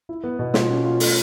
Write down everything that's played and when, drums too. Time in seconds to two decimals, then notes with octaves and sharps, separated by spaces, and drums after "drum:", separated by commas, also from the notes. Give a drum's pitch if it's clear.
0.09 E4
0.24 B3
0.39 B2
0.54 F4, drum: snare
0.70 C#4
0.85 F4
1.00 A3, drum: open hi-hat